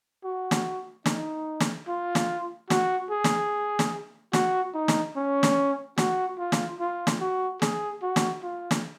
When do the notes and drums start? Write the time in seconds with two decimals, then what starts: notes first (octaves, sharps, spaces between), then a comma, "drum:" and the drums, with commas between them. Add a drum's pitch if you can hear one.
0.24 F#4
0.51 drum: snare
1.06 D#4, drum: snare
1.61 drum: snare
1.88 F4
2.15 drum: snare
2.70 F#4, drum: snare
3.11 G#4
3.24 drum: snare
3.79 drum: snare
4.33 F#4, drum: snare
4.74 D#4
4.88 drum: snare
5.16 C#4
5.43 drum: snare
5.98 F#4, drum: snare
6.39 F4
6.52 drum: snare
6.80 F4
7.07 drum: snare
7.21 F#4
7.62 G#4, drum: snare
8.03 F#4
8.16 drum: snare
8.43 F4
8.71 drum: snare